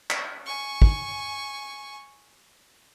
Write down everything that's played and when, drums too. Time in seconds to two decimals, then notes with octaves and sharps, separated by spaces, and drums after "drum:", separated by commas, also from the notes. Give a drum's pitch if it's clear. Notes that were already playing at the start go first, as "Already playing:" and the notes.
0.10 drum: clap
0.46 G#5 C#6
0.82 drum: kick